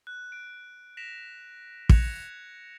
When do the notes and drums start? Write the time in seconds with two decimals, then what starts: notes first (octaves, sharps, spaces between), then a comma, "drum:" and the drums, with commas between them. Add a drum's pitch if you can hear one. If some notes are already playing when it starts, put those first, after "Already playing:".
0.07 F#6
0.32 D7
0.97 A#6 B6 D7 E7 F7
1.89 F#6 G#6 A#6 C#7 E7 F7, drum: kick